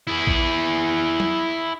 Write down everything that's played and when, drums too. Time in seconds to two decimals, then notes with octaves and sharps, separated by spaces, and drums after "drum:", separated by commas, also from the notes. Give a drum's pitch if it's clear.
0.07 E4 G#4
0.27 drum: kick A1
1.20 drum: tom F#3